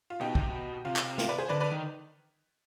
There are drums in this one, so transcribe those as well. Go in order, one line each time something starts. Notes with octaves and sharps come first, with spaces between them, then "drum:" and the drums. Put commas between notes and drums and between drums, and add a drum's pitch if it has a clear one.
F4
B2 D#4 G4
C3, drum: kick
B2
C3 F4
drum: clap
F4, drum: snare
B4 D5
G#4 C5
D3 B4 D5
D3 B4 D5
D#3